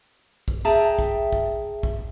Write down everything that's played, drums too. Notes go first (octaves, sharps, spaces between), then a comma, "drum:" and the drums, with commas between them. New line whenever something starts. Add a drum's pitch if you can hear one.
drum: kick
G#4 E5 G5 A5 A#5
drum: kick
drum: kick
drum: kick